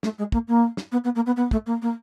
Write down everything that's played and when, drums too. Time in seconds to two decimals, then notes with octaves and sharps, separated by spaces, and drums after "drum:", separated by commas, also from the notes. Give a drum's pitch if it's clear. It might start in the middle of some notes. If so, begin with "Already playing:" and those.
0.03 A3, drum: snare
0.18 G#3
0.32 A#3, drum: kick
0.48 A#3
0.77 drum: snare
0.92 B3
1.04 B3
1.15 A#3
1.26 B3
1.36 B3
1.51 A3, drum: kick
1.66 A#3
1.82 A#3